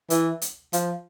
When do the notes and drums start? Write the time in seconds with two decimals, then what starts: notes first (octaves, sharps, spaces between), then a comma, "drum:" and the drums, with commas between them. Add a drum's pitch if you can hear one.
0.10 E3, drum: hi-hat
0.42 drum: hi-hat
0.73 F3, drum: hi-hat